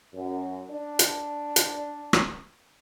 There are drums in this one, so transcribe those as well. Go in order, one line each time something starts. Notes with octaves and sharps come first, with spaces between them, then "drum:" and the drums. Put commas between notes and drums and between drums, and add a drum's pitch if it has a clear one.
F#2
D4
drum: hi-hat
drum: hi-hat
drum: rim click